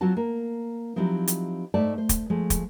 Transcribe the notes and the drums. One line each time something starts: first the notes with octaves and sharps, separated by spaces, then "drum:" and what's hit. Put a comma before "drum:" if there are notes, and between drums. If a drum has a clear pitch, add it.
F#3 C4 F4 F#4 A5
A#3
F3 F#3 C4 D#4 E4 G4
drum: hi-hat
G#2 A3 C5 D5 A5
C5
drum: kick, hi-hat
F3 G#3 A3
drum: kick, hi-hat